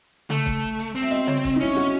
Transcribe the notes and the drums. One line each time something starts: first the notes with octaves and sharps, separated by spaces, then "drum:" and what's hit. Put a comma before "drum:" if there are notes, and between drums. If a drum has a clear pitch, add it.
A3, drum: tom C#3
drum: kick, hi-hat
drum: hi-hat
C4
E5
D#5, drum: hi-hat
C#5, drum: tom C#3
drum: kick, hi-hat
D#4
C#4 E4
F#4, drum: hi-hat